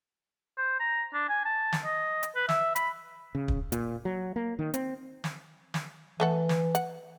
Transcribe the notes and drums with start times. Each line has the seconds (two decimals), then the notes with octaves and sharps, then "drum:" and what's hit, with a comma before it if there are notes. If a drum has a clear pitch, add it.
0.58 C5
0.80 A#5
1.14 D4
1.29 G#5
1.45 A5
1.73 drum: snare
1.85 D#5
2.23 drum: hi-hat
2.36 B4
2.49 E5, drum: snare
2.76 B5, drum: hi-hat
3.35 C#3
3.48 drum: kick
3.72 A#2, drum: hi-hat
4.05 F#3
4.36 A#3
4.59 D#3
4.74 C4, drum: hi-hat
5.24 drum: snare
5.74 drum: snare
6.20 E3 A3 A4 F#5
6.49 drum: snare
6.75 F#5, drum: hi-hat